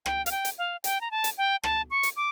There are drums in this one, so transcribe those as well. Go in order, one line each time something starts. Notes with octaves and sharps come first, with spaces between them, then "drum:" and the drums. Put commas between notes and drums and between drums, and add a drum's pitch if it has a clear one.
G5, drum: rim click
F5, drum: hi-hat
G5
drum: hi-hat
F5
G5, drum: hi-hat
A#5
A5
drum: hi-hat
G5
A5, drum: rim click
C#6
drum: hi-hat
D6